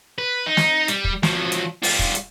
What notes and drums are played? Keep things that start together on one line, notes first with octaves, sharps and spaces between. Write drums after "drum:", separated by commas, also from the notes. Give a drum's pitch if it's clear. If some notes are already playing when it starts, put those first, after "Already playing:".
B4
D#4
drum: snare
G3, drum: hi-hat
drum: kick
F3 F#3, drum: snare
drum: hi-hat
G3 F4, drum: open hi-hat
drum: kick
drum: hi-hat